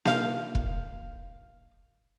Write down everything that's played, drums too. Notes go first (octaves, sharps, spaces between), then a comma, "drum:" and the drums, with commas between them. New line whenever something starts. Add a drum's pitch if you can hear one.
D#4 F5, drum: snare A#3
drum: kick